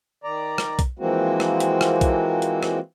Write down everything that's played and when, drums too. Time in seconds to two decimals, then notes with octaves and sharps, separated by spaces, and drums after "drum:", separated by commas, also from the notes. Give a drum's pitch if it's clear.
0.24 D#3 D5 A#5
0.58 drum: rim click
0.79 drum: kick B1, hi-hat
0.99 E3 F3 G#3 A#3 C4 F#4
1.40 drum: rim click
1.60 drum: hi-hat
1.81 drum: rim click
2.01 drum: kick B1, hi-hat
2.42 drum: hi-hat
2.63 drum: rim click